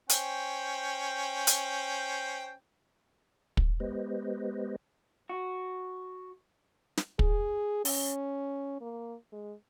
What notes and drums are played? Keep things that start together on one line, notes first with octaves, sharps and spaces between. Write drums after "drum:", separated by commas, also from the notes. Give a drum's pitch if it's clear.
C#4 C5 G5, drum: hi-hat
drum: hi-hat
drum: kick
G#3 B3 G4 B4 C5 D#5
F#4
drum: snare
G#4, drum: kick
C#4, drum: open hi-hat
A#3
G#3